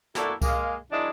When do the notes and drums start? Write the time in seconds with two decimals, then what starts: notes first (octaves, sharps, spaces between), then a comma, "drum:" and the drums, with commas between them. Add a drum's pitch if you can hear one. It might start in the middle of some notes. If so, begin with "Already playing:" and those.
0.15 A3 A#3 D4 E4 F#4 A4, drum: snare
0.42 G#3 A#3 F5, drum: kick C2, tambourine
0.91 D#3 F#3 G#3 D4 E4